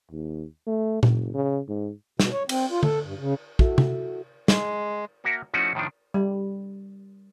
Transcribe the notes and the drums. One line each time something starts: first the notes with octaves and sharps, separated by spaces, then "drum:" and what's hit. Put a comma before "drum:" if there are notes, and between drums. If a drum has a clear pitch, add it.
D#2
A3
F#1, drum: tom A#2
C#3
G#2
B2, drum: snare
C#5
C4, drum: cymbal
F4
A4, drum: tom D3
G2
C#3
E4 F#4 A4 E5, drum: kick
drum: tom C3
G#3, drum: snare
A#3 F#4 A#4 E5 A5
F3 A3 C#4 D#4 E4 F#4
A2 D#3 F3 D4
G3